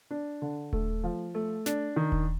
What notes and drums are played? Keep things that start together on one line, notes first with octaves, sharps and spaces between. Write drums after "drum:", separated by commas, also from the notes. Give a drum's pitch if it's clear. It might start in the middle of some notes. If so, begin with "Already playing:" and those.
D4
D3
A3, drum: kick D#1
F3
A3
D4, drum: snare
D#3
drum: kick D#1